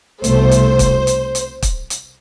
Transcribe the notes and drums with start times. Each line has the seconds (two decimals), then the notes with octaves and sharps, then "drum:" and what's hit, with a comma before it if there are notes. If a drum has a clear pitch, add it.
0.24 C2 B2 A3 C5, drum: hi-hat
0.51 drum: hi-hat
0.79 drum: kick, hi-hat
1.07 drum: hi-hat
1.35 drum: hi-hat
1.62 drum: kick, hi-hat
1.90 drum: hi-hat